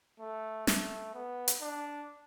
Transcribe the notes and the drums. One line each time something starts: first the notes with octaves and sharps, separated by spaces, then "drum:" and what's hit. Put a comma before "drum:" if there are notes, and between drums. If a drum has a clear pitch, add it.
A3
A3, drum: snare
B3
drum: hi-hat
D4